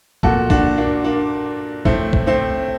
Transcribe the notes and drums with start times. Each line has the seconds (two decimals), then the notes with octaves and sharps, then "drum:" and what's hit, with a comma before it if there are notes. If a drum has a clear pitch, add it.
0.23 A#2 F#4 A4, drum: kick
0.50 D4 F#4, drum: kick
0.77 A#3 D4
1.04 A#3 D4
1.85 A2 A3 C4, drum: kick
2.13 drum: kick
2.27 A3 C4